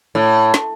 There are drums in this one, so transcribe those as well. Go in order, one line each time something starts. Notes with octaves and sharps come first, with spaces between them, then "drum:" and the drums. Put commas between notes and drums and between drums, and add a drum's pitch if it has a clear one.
A2
drum: snare